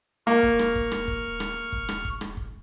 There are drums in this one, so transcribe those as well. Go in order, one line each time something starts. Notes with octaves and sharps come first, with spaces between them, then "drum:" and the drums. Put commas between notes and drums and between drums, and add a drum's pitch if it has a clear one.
A#3 C#6 F6
drum: kick
drum: rim click
drum: kick
drum: rim click
drum: kick
drum: rim click
drum: kick
drum: rim click
drum: kick
drum: rim click
drum: kick